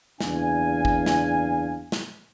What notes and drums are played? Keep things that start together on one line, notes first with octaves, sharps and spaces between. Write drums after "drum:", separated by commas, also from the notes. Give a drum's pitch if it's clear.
F#1 E2 D4 F5 G#5, drum: snare
drum: kick
drum: snare
drum: snare